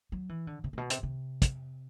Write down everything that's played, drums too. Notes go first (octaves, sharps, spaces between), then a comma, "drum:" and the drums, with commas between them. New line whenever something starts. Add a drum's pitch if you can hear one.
F#3
E3
D3
C3
A2
B2
C3, drum: hi-hat
C3
drum: kick, hi-hat